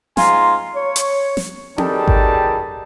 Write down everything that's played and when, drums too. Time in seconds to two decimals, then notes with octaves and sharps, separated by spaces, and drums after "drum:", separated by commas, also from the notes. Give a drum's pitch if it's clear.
0.17 G#2 F4 G#5 A#5 C6, drum: snare
0.75 C#5
0.96 drum: hi-hat
1.37 drum: snare
1.78 F#2 D#3 G3 G#4 A4 A5, drum: tom C4
2.08 drum: kick G#1